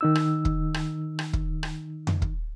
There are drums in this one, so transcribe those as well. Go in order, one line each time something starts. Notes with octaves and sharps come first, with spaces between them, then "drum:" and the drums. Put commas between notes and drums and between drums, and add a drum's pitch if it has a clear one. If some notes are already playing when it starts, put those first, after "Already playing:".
D#3 D#4 E6
drum: rim click
drum: kick
drum: rim click
drum: rim click
drum: kick
drum: rim click
drum: tom F2
drum: kick